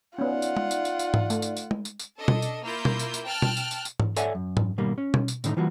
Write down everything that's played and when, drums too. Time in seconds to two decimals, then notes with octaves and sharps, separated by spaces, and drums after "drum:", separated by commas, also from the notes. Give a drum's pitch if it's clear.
0.18 B3 C#4 D#4 F4 D5 E5 F#5
0.42 drum: tambourine
0.57 drum: tom G#3
0.71 drum: tambourine
0.85 drum: tambourine
0.99 drum: tambourine
1.14 drum: tom G#2
1.30 A3, drum: tambourine
1.42 drum: tambourine
1.57 drum: tambourine
1.71 drum: tom G#3
1.85 drum: tambourine
1.99 drum: tambourine
2.19 D4 A4 D#5
2.28 drum: tom B2
2.42 drum: tambourine
2.63 A#3 E4 F4 G6
2.85 drum: tom B2
2.99 drum: tambourine
3.14 drum: tambourine
3.24 G5 A5 F6 F#6
3.42 drum: tom B2
3.57 drum: tambourine
3.71 drum: tambourine
3.85 drum: tambourine
4.00 drum: tom G#2
4.17 A4 C#5 D5 E5 F#5 G#5, drum: tambourine
4.35 F#2
4.57 drum: tom G#2
4.78 B2 D#3 G3 A#3
4.98 C#4
5.14 drum: tom B2
5.28 drum: tambourine
5.44 A2 D3 D#3 C4 D#4, drum: tambourine
5.57 E3 G3 A#3 F4 F#4